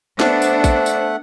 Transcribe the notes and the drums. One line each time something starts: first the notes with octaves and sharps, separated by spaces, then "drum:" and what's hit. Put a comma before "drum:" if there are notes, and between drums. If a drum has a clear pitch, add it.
A3 B3 D4 C5 F#5, drum: snare
drum: tambourine
drum: kick, tambourine
drum: tambourine